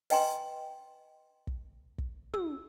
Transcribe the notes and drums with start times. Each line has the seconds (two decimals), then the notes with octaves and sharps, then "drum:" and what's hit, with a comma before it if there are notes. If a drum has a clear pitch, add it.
0.10 B4 D#5 G5 G#5 A#5 C6, drum: open hi-hat
1.47 drum: kick
1.98 drum: kick
2.34 E6, drum: tom